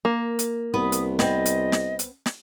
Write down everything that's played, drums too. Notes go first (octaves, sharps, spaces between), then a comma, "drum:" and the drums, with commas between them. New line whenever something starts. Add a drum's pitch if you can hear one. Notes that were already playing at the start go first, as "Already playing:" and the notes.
A#3
drum: hi-hat
C2 B3 B4 D#6
drum: hi-hat
B3 C4 D#5, drum: snare
drum: hi-hat
drum: snare
drum: hi-hat
drum: snare